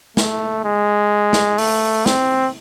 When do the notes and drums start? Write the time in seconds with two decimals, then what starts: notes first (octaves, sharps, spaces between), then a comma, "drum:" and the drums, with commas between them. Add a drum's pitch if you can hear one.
0.17 A3, drum: snare
0.65 G#3
1.33 drum: snare
1.58 A3, drum: open hi-hat
2.06 C4, drum: snare